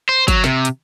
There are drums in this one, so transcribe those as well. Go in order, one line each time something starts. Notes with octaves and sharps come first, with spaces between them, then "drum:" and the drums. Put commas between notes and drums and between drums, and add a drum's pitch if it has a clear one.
C5
F#3, drum: kick, hi-hat
C3, drum: snare
drum: hi-hat